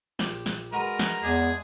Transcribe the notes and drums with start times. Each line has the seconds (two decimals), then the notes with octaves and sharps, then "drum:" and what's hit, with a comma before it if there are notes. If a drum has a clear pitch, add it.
0.19 A#1 G4, drum: snare
0.46 drum: snare
0.73 G#3 F#4 A#4 B4
0.99 drum: snare
1.23 E2 G#3 D4 G#4